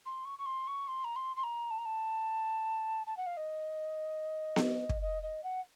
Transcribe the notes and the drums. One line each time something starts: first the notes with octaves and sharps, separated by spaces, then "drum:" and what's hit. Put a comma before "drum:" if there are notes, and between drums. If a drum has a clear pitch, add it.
C6
C#6
C#6
C6
C#6
C6
A#5
C6
C6
A#5
A5
A#5
A5
A5
F#5
F5
D#5
drum: snare B3
drum: kick
D#5
D#5
F#5